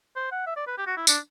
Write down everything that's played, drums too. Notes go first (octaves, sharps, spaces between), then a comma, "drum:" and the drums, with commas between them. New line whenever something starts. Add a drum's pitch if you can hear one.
C5
F#5
E5
D5
B4
G4
F#4
E4
D4, drum: tambourine